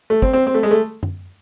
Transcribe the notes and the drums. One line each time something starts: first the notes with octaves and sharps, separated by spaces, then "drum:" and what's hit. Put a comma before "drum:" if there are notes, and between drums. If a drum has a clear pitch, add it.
A3
C4, drum: kick
C4
C4
A3
G#3
A3
drum: tom F#2